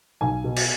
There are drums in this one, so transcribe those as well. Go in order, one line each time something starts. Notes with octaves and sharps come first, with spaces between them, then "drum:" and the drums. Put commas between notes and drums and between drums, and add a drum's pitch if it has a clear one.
B1 G#5
B2
drum: cymbal